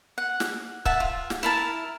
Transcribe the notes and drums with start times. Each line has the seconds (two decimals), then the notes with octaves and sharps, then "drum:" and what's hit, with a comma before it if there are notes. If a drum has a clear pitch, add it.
0.18 F#5
0.40 drum: snare
0.85 E5 F#5 A5, drum: kick C#1
1.00 F4
1.30 drum: snare
1.43 E4 A#4 A5